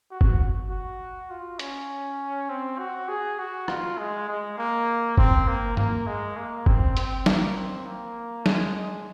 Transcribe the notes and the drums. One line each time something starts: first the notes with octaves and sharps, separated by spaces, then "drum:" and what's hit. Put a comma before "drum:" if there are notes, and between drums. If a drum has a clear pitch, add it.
F#4
drum: kick
F#4
F4
C#4, drum: hi-hat
C4
F#4
G#4
F#4
F4, drum: rim click
G#3
G#3
A#3
C4, drum: kick
A#3
A#3, drum: tom G2
G#3
A#3
C4, drum: kick
C4, drum: hi-hat
A#3, drum: snare
C4
A#3
G#3, drum: snare
G#3